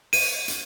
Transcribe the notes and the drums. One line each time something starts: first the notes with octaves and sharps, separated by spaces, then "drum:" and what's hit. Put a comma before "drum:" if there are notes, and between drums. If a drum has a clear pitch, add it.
D#7, drum: open hi-hat
drum: hi-hat